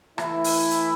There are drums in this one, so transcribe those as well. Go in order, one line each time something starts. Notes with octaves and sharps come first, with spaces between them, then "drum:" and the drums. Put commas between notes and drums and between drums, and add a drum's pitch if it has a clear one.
E3 A3 E4, drum: rim click
drum: open hi-hat
drum: hi-hat